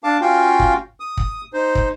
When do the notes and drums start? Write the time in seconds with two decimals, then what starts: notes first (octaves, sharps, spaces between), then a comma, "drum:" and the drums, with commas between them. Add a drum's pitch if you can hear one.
0.04 D4 F5 A5 D6
0.21 C#4 F4 F#4 F5 G5
0.60 drum: kick
1.00 D#6
1.17 drum: kick
1.53 D#4 C5
1.75 drum: kick